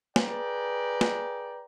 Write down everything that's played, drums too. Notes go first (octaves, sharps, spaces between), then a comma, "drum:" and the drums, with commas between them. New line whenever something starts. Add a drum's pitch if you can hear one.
G#4 B4 D5 G5 A#5, drum: snare
drum: snare